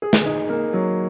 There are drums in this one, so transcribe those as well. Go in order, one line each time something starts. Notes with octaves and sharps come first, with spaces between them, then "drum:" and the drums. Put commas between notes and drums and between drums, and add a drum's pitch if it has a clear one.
G#4
drum: snare
D#4
A#3
F#3